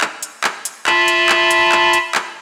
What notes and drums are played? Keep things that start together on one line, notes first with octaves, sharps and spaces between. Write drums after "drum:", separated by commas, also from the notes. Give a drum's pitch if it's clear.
drum: clap
drum: hi-hat
drum: clap
drum: hi-hat
F4 E5 A5 B5, drum: clap
drum: hi-hat
drum: clap
drum: hi-hat
drum: clap
drum: hi-hat
drum: clap